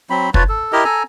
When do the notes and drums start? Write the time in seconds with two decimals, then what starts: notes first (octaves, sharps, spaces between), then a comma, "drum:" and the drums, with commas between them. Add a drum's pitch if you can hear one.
0.10 F#3 C4 B5
0.34 F4 B4 C#5 A5, drum: kick
0.49 A4
0.72 E4 G4 A#4 D#5
0.85 A4 G#5 A#5